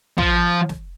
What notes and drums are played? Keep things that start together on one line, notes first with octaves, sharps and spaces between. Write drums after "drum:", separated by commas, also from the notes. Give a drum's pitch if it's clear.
F3, drum: kick
drum: snare